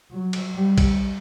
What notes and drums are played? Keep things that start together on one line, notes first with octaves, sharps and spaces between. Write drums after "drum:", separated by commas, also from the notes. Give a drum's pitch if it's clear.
F#3
drum: cymbal
G3
drum: kick B1, cymbal